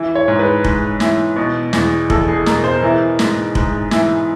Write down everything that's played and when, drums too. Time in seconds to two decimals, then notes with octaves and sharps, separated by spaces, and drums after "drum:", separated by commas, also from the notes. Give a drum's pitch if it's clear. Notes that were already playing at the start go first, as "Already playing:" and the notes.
Already playing: E3
0.15 C#5
0.28 G#2
0.39 B4
0.64 G#2, drum: kick F1
1.00 E3, drum: snare
1.36 B2
1.73 E2, drum: snare
2.10 E2 A4, drum: kick F1
2.28 G#4
2.46 B2 A#4, drum: snare
2.64 C5
2.83 E3 A#4
3.19 G#2, drum: snare
3.55 G#2, drum: kick F1
3.91 E3, drum: snare